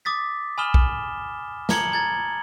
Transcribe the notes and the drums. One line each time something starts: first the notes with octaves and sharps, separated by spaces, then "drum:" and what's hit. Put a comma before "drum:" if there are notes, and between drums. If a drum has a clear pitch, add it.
D6 D#6 A6 B6
G#5 B5 D#6 F6 E7 G7
drum: kick
A5 A#5 G#6 C#7 F#7 G7, drum: snare
A#5 G#6 A6